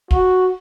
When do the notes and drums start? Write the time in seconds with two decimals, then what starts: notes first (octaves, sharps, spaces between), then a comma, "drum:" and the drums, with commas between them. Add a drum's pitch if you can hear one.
0.11 F#4, drum: kick